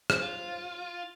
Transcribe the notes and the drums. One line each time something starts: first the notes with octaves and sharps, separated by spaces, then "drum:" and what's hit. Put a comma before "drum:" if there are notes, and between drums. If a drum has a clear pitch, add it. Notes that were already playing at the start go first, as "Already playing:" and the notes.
drum: rim click
F4